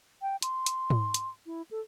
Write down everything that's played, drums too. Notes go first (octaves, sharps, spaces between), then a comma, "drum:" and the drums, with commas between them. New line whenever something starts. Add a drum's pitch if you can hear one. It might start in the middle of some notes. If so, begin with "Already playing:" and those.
G5
C6, drum: hi-hat
drum: hi-hat
drum: tom G#2
drum: hi-hat
E4
A4